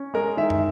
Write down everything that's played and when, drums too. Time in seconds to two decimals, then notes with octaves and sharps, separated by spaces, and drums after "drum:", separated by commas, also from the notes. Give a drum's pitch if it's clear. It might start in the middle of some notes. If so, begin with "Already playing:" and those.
Already playing: C#4
0.14 G#3 A#4
0.37 D#3 E5
0.50 drum: tom